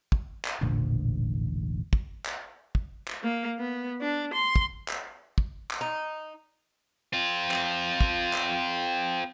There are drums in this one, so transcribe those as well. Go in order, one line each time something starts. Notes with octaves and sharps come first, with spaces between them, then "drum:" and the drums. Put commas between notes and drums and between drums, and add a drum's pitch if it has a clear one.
drum: kick
drum: clap
E1 A1 A#2 D3 F3
drum: kick
drum: clap
drum: kick
drum: clap
A#3
B3
D4
C6
drum: kick
drum: clap
drum: kick
drum: clap
D#4
C4 F4
drum: clap
drum: kick
drum: clap